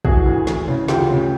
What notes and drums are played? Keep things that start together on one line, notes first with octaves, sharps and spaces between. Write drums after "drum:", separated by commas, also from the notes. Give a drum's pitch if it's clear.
E3 F#4 G#4, drum: kick
D2
E3, drum: snare
C#3
D2 F4 G4, drum: snare
C#3